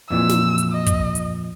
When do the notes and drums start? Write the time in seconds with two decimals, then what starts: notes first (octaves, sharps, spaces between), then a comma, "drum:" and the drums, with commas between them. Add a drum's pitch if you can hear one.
0.10 F2 A#2 E3 E6
0.29 drum: snare
0.58 drum: hi-hat
0.72 D#5
0.87 drum: kick, hi-hat
1.15 drum: hi-hat